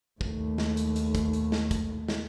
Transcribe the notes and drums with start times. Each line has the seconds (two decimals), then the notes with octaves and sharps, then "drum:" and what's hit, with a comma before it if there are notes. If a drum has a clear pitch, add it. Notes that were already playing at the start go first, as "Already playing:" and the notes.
0.21 D#2 A3, drum: kick
0.58 drum: snare
0.77 drum: hi-hat
0.96 drum: hi-hat
1.15 drum: kick, hi-hat
1.33 drum: hi-hat
1.52 drum: snare
1.71 drum: kick, hi-hat
2.08 drum: snare